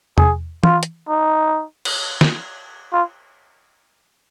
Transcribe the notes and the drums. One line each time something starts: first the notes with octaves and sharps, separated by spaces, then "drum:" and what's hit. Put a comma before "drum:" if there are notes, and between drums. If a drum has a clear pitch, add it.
G#4, drum: tom E2
F4, drum: tom E3
drum: hi-hat
D#4
drum: cymbal
drum: snare
F4